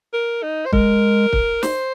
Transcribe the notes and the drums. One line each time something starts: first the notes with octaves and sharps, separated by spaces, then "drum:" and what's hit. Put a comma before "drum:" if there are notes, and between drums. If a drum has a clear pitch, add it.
A#4
D#4
C5
G#3 A#4, drum: kick
drum: kick
C5, drum: snare